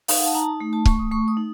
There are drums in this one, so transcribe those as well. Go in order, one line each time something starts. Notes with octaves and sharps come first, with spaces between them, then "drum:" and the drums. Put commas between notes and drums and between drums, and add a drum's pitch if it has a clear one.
D#4 F5, drum: open hi-hat
F#5
A5
D#4 A#5
A5
A3
A5
A3 C#6, drum: kick C#1
D#6
A3 C#6
D#6
D#4